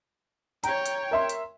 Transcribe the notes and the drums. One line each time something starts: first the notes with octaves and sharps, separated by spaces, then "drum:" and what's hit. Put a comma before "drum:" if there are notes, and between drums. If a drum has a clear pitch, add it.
C#5 G5 A#5, drum: hi-hat
drum: hi-hat
A#4 E5 C6
drum: hi-hat